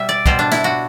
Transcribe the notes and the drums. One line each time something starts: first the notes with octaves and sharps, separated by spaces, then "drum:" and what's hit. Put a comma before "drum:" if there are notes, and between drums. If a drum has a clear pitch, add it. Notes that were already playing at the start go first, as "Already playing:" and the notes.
Already playing: B2 G3 E5
D5
B2 G3 C5, drum: kick
D4
E4, drum: snare
F#4